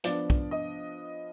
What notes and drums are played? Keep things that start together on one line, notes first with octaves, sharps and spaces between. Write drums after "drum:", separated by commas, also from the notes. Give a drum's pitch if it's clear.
F3 B3 D4 D5, drum: hi-hat
drum: kick
D#5